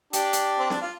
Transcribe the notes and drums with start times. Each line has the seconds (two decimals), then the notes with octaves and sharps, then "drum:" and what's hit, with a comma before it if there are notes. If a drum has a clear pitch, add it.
0.13 D4 G4, drum: hi-hat
0.33 drum: hi-hat
0.59 C4
0.70 D4, drum: snare C4
0.82 F4